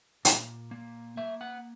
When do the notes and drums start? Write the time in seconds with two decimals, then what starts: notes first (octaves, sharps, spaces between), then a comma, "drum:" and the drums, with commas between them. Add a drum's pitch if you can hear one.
0.25 A#2, drum: hi-hat
0.71 A#3
1.17 A#3 E5
1.41 F#5